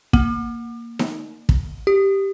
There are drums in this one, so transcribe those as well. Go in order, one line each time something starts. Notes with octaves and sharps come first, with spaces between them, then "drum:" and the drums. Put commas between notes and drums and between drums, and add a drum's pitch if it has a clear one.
A#3, drum: kick
drum: snare D#4
drum: kick
G4